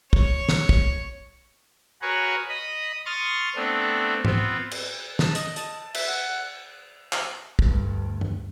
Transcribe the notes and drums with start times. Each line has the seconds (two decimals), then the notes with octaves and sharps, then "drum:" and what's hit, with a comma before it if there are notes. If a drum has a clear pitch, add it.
0.13 C#5, drum: kick
0.49 drum: snare
0.69 drum: kick
2.02 F#4 G#4 A#4 B4 C#5 F#5
2.49 D#5 B5 D#6
3.06 C6 C#6 D#6 F6 A6
3.56 A3 B3 C4 D4
4.25 B3 C4 F4, drum: tom
4.71 drum: cymbal
5.19 A5, drum: snare
5.35 D#5, drum: hi-hat
5.56 A5, drum: hi-hat
5.94 E5, drum: cymbal
6.08 F#5
7.13 drum: clap
7.59 D2 G2, drum: kick
8.21 drum: tom F#2